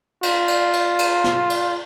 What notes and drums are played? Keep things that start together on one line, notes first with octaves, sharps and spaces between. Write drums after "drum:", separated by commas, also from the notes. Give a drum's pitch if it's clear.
F4, drum: cymbal
drum: cymbal
drum: cymbal
drum: cymbal
drum: snare
drum: cymbal